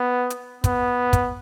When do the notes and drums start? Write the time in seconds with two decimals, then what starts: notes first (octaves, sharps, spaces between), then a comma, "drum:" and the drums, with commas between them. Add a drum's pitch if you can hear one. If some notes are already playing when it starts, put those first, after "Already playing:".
Already playing: B3
0.30 drum: hi-hat
0.64 B3, drum: kick, hi-hat
1.13 drum: kick, hi-hat